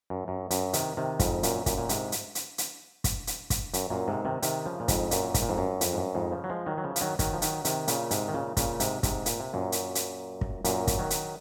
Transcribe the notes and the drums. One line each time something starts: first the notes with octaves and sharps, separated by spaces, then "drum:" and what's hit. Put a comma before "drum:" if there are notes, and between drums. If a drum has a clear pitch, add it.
F#2
F#2
F#2, drum: hi-hat
C3 D#3, drum: hi-hat
C3 D#3
F2 G#2, drum: kick, hi-hat
F#2 A#2, drum: hi-hat
F#2 A#2, drum: kick, hi-hat
A#2
G#2 C3, drum: hi-hat
drum: hi-hat
drum: hi-hat
drum: hi-hat
drum: kick, hi-hat
drum: hi-hat
drum: kick, hi-hat
F#2, drum: hi-hat
F#2 A#2
G#2 C3
C3 D#3
C3 D#3, drum: hi-hat
C#3 F3
A#2
F2 G#2, drum: kick, hi-hat
F#2 A#2, drum: hi-hat
G#2, drum: kick, hi-hat
A#2
F2 G#2
F#2
F2, drum: hi-hat
G#2
F#2
F2 G#2
C#3 F3
F#3
F3 G#3
D#3 F#3
F#3
C#3 F3
F3, drum: hi-hat
D#3 F#3
D#3 F#3, drum: kick, hi-hat
F3
D#3 F#3, drum: hi-hat
C3 D#3, drum: hi-hat
A#2 C#3, drum: hi-hat
G#2 C3, drum: hi-hat
D#3
A#2 C#3
A#2 C#3, drum: kick, hi-hat
G#2 C3, drum: hi-hat
G#2 C3, drum: kick, hi-hat
A#2, drum: hi-hat
C3
F#2 A#2
drum: hi-hat
drum: hi-hat
drum: kick
F#2 A#2, drum: hi-hat
drum: kick, hi-hat
D#3 F#3
drum: hi-hat